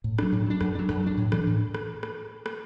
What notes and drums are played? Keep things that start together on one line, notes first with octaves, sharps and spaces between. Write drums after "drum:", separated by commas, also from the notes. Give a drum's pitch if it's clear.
A2
F#3 D4, drum: rim click
A2
F#3 D4
F#2, drum: rim click
F#3 D4
F#2, drum: rim click
F#3 D4
A2
E3 D4, drum: rim click
A2
drum: rim click
drum: rim click
drum: rim click